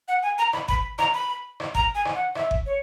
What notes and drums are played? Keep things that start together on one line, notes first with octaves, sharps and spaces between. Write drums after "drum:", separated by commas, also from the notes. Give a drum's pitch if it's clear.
F#5
G#5
A#5
B5, drum: rim click
B5, drum: kick G1
A#5, drum: rim click
B5
drum: rim click
A#5, drum: kick G1
G#5
drum: rim click
F#5
E5, drum: rim click
drum: kick G1
C#5